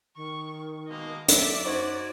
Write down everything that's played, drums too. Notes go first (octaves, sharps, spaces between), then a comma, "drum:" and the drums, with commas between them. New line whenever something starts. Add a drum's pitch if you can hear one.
D#3 C#6
B2 G#3 A#3 D#5
F#2 D5 E5, drum: hi-hat
F#2 D#4 F#4 C5 C#5